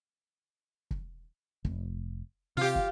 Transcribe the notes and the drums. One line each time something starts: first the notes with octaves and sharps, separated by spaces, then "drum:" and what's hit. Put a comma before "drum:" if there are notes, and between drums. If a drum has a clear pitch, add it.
drum: kick
F1, drum: kick
C3 F4 G4
drum: kick